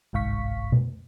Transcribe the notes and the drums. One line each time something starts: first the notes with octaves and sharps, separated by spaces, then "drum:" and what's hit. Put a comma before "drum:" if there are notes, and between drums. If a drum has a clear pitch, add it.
G1 C2 G#2 F5 C#6 B6
drum: tom B2